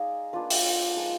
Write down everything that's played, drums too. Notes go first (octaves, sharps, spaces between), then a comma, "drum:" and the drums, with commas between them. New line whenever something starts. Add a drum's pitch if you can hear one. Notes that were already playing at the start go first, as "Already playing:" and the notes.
Already playing: G#3 D#4 G#4 D5 F5
A#3 D4 F4 B4
drum: open hi-hat
F3 G#3 D#4